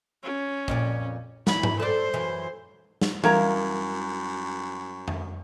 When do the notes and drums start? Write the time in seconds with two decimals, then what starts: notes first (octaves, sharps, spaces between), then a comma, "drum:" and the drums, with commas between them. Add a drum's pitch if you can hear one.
0.23 C#4
0.68 F2 A#2 D5, drum: kick
1.47 E2 E3 E4 B5, drum: snare
1.63 drum: tom G#2
1.80 A4 C5 D5
2.14 F#2 E3
3.01 drum: snare
3.24 F#2 G3 E4 A#4 F5 A#5 G#6, drum: tom E3
5.08 drum: tom F2